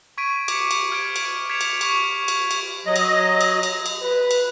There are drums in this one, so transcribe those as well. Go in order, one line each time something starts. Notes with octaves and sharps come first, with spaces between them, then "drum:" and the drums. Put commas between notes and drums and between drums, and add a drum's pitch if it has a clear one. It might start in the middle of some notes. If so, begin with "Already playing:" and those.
C#6 G#6 B6 D7 D#7
D6 C#7, drum: cymbal
drum: cymbal
F6 G#6 D7
drum: cymbal
D7
G#6 B6 C#7 E7 F7
drum: cymbal
C#6 F7, drum: cymbal
drum: cymbal
drum: cymbal
F#3 D#5
drum: cymbal
drum: cymbal
drum: cymbal
drum: cymbal
B4
drum: cymbal